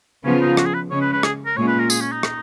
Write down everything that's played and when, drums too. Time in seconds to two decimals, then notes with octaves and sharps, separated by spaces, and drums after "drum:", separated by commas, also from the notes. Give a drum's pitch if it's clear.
0.24 C#3 F3 B3 C#4 F4
0.41 D#4
0.57 F#4, drum: rim click
0.66 G#4
0.74 B4
0.90 C#3 G#3 C#4 C#5
1.01 B4
1.13 B4
1.23 G#4, drum: rim click
1.46 A#4
1.57 A#2 G#3 C#4 F4 C#5
1.68 B4
1.79 A#4
1.90 G#4, drum: tambourine
2.01 C#4
2.12 D#4
2.23 drum: rim click